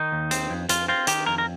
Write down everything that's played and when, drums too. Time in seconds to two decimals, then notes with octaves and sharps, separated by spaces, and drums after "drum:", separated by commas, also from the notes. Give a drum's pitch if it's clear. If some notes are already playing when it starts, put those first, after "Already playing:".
Already playing: D#3 D#4
0.12 D#2
0.31 C4, drum: hi-hat
0.50 F2
0.69 F2 F4, drum: hi-hat
0.88 C4 F4
1.07 D#3 G4, drum: hi-hat
1.26 F2 A#4
1.38 A#4